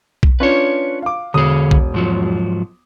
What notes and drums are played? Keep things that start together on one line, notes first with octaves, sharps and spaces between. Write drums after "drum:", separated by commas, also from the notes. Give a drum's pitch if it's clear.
drum: kick B1
C#4 D4 F4 B4 C#5
F5 D6
E1 D3 G#4 D#6
drum: kick B1
G#2 F3 F#3